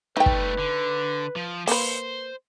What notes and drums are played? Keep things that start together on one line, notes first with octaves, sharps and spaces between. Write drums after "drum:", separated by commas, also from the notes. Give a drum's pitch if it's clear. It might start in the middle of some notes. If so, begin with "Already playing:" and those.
G3 A3 D#4 B4 G5
drum: kick
D3
F3
A#3 B4 C5, drum: open hi-hat